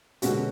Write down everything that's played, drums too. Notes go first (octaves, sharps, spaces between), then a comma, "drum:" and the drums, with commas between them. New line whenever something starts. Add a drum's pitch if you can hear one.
B2 D3 G#3 C#4 F#4, drum: hi-hat